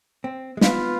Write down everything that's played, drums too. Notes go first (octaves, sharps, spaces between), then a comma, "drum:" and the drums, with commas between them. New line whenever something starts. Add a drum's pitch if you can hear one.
C4
G#3
B3 F4 B4 F5, drum: snare